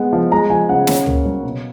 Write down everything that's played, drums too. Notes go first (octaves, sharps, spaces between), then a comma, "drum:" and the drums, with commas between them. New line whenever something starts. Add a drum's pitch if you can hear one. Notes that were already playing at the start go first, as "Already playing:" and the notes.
Already playing: G#3 B3 F#5
F3
G#3 A#5
F3 G#5
C#3 F#5
C#4, drum: snare
A#3, drum: tom C#2
F#3
B2